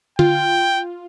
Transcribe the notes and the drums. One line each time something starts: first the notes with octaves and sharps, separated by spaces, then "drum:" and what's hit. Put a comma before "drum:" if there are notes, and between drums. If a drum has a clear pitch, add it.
F4 G5, drum: tom D3